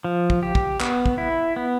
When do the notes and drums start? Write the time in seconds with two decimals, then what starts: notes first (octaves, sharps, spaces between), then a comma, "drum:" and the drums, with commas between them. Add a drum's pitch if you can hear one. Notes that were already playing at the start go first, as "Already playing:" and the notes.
0.04 F3
0.30 drum: kick
0.43 G4
0.55 drum: kick
0.80 B3, drum: clap
1.06 drum: kick
1.18 E4
1.56 B3